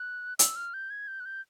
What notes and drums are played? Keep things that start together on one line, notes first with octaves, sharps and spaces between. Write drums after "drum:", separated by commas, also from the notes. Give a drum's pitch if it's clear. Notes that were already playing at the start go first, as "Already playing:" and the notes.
Already playing: F#6
E6, drum: hi-hat
F6
G6
G#6
G6
F#6
G6